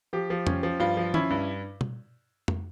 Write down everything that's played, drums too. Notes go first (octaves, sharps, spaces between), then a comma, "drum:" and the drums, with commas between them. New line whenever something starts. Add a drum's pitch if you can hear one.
F3 G4
F3
C#4, drum: tom F2
F3
G2 F4
F3
C#4 E4, drum: tom
G2
drum: tom B2
drum: tom F2